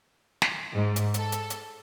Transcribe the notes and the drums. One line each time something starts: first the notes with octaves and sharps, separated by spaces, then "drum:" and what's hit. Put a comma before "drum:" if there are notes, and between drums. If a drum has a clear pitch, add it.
drum: snare
G#2
drum: hi-hat
A4, drum: hi-hat
drum: hi-hat
drum: hi-hat